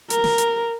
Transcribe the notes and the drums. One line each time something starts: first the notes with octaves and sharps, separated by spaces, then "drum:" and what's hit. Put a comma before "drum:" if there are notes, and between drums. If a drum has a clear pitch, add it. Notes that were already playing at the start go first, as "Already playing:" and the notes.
A#4, drum: hi-hat
drum: snare
drum: hi-hat